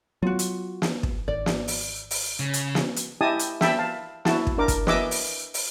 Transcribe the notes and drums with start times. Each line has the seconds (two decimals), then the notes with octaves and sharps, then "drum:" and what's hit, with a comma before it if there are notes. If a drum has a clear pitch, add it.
0.22 F#3 B3 F4 F#4
0.39 drum: hi-hat
0.82 drum: snare
1.03 drum: kick
1.28 G#1 D5
1.46 drum: snare
1.68 drum: open hi-hat
2.11 drum: open hi-hat
2.40 C#3
2.53 drum: hi-hat
2.75 drum: snare
2.96 drum: hi-hat
3.21 E4 G4 D#5 G#5 A5 D#6
3.39 drum: hi-hat
3.61 E5 G5 A5 B5 E6, drum: snare
3.78 F5 A5
4.25 E4 F#4 A5, drum: snare
4.47 drum: kick
4.58 D4 A#4 D6
4.68 drum: kick, hi-hat
4.87 B4 D#5 E5 G#5 D6 E6, drum: snare
5.11 drum: open hi-hat
5.54 drum: open hi-hat